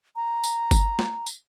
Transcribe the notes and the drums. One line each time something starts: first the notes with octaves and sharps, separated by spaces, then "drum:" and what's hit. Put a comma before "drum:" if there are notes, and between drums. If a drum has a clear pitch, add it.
A#5
drum: tambourine
drum: kick G1, tambourine
drum: snare
drum: tambourine